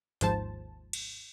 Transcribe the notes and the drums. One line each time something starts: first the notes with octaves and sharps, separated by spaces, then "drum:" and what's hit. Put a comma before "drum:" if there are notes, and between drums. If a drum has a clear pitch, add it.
G#1 D#2 G#2 F3 C5 A5, drum: hi-hat
drum: cymbal